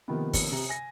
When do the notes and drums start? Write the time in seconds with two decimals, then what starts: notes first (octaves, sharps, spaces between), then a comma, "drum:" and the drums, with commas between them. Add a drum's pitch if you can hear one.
0.08 C3 D#3 F3 A#3 B3
0.33 drum: kick, open hi-hat
0.52 C3 A#5
0.69 G#5 A#6